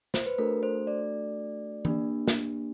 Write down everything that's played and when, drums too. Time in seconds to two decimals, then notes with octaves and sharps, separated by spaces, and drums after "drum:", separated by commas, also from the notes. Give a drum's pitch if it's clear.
0.14 C5, drum: snare
0.26 B4
0.38 A3 D4 F#4 A4 A#4
0.63 C5
0.87 D5
1.85 A#3 D4 G4, drum: tom E3
2.28 drum: snare